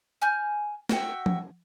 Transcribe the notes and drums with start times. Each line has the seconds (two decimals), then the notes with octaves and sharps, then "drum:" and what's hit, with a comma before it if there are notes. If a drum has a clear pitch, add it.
0.22 G#5 F6 G6
0.89 F#4 E5 F#5 G5, drum: snare
1.26 drum: tom F3